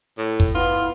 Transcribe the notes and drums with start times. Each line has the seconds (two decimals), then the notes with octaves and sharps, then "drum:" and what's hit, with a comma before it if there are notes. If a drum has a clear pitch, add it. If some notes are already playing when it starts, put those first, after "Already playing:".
0.18 A2
0.40 drum: kick
0.55 B3 E4 F4